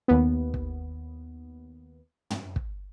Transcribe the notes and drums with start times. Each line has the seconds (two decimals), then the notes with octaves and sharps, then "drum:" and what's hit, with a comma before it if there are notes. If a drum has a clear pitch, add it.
0.08 D#2 B3
0.54 drum: kick
2.30 drum: tom
2.56 drum: kick